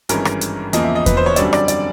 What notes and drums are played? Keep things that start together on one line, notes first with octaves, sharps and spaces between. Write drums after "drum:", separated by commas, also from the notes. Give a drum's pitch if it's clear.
G#1 G2 E3 G#3 C#4 A#4, drum: hi-hat
drum: rim click
drum: hi-hat
E2 C#3 F3 A#3 D#5, drum: hi-hat
E5
D#5
B4, drum: kick E2, hi-hat
C5
C#5
F#2 D3 G3 C4 D5, drum: hi-hat
D5, drum: rim click
D5, drum: hi-hat